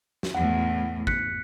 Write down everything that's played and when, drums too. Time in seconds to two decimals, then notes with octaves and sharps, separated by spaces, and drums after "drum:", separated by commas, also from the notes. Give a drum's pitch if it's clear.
0.23 drum: snare
0.35 E2 A2 F#5
1.07 F#6 B6 C#7, drum: kick